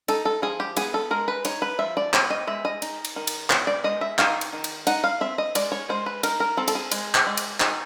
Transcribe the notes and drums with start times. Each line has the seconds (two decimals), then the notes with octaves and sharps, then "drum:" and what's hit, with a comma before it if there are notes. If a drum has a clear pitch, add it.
0.08 D#4 A4, drum: cymbal
0.25 A4
0.42 F3 G#4
0.60 G4
0.76 B3 G#4, drum: cymbal
0.94 A4
1.11 G#3 A#4
1.28 B4
1.45 D#4 C#5, drum: cymbal
1.62 B4
1.79 F3 E5
1.97 D5
2.13 B3 C#5, drum: clap
2.30 D#5
2.47 G#3 E5
2.65 D#5
2.82 D#4, drum: cymbal
3.05 drum: cymbal
3.16 D#3
3.27 drum: cymbal
3.50 B3 C#5, drum: clap
3.67 D5
3.84 G#3 D#5
4.01 E5
4.19 D#4 F5, drum: clap
4.41 drum: cymbal
4.53 D#3
4.64 drum: cymbal
4.87 D#4 F#5, drum: cymbal
5.04 F5
5.21 C4 E5
5.38 D#5
5.55 G#3 D5, drum: cymbal
5.72 C#5
5.89 G#3 C5
6.06 B4
6.23 D#4 A#4, drum: cymbal
6.40 A#4
6.57 C4 A4
6.68 A4, drum: cymbal
6.75 G#4
6.91 G#3, drum: cymbal
7.15 drum: clap
7.26 G#3
7.37 drum: cymbal
7.60 D#4 G#4, drum: clap